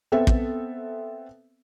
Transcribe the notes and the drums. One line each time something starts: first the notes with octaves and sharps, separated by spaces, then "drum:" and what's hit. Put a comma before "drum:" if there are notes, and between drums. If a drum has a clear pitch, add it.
B3 C4 A4 E5
drum: kick